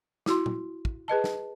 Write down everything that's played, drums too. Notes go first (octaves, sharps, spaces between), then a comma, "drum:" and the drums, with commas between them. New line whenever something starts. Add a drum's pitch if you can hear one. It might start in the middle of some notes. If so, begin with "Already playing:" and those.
E4 F#4 C6, drum: snare
drum: tom A#2
drum: kick
G#4 B4 D#5 A5
drum: snare